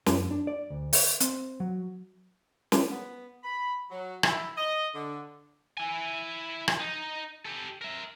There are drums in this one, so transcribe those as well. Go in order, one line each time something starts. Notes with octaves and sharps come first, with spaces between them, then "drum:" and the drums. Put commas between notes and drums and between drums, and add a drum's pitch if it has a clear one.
F#2, drum: snare
D4
D5
D2
E5, drum: open hi-hat
C4, drum: hi-hat
F#3
drum: snare
B3
B5
F#3
E4, drum: rim click
D#5
D3
E4 G#5
drum: rim click
D#4
G4 A4
A#4 E5